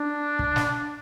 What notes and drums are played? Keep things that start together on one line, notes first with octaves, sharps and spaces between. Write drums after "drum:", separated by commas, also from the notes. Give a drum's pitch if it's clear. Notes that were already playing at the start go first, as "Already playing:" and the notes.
Already playing: D4
drum: kick
drum: snare